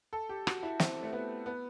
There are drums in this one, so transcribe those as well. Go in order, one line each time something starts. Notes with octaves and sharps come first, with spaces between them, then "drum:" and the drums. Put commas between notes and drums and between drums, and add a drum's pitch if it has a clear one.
A4
G4
F#4, drum: rim click
E4
C4, drum: snare
A3
B3
B3